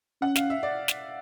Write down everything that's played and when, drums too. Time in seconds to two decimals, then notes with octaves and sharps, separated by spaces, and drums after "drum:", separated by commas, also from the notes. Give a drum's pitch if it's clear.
0.22 C#4 F#5
0.36 F5, drum: snare
0.50 E5
0.63 D5
0.88 drum: snare